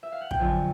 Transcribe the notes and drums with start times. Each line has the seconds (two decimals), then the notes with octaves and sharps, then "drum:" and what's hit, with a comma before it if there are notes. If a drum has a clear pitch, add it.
0.03 E5
0.12 F5
0.21 F#5
0.31 G5, drum: kick
0.39 F2 D3 F#3 G#5